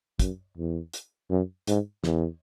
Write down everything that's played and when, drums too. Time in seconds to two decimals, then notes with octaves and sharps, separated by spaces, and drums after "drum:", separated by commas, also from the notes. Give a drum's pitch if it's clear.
0.19 F#2, drum: kick, hi-hat
0.57 E2
0.93 drum: hi-hat
1.30 F#2
1.67 G#2, drum: hi-hat
2.04 E2, drum: snare